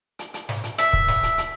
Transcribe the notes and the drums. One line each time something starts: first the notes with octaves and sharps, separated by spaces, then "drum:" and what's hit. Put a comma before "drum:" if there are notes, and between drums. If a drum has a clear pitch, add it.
drum: hi-hat
drum: hi-hat
drum: snare
drum: hi-hat
E5, drum: hi-hat
drum: kick C#1
drum: snare
drum: hi-hat
drum: hi-hat